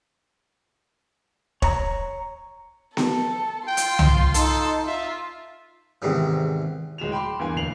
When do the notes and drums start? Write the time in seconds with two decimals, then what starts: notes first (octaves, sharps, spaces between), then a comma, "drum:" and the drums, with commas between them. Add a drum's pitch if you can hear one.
1.62 C#5 A#5, drum: kick
2.97 A4, drum: snare B3
3.67 F4 G5 C6
3.77 drum: hi-hat
3.99 drum: tom C2
4.34 D#4 A4, drum: hi-hat
4.87 F4 E5
6.02 E2 G#2 C3 D#3
6.98 D1 G#3 F#4 E7 F7
7.12 G5 B5 C6 D6
7.39 E2 G2 A#3 G#5
7.56 D1 C7 F7 F#7